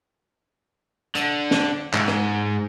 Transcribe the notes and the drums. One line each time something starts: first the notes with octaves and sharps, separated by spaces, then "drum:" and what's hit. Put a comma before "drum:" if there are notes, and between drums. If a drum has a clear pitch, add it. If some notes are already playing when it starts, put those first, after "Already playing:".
D3, drum: hi-hat
drum: snare
G#2, drum: clap
drum: rim click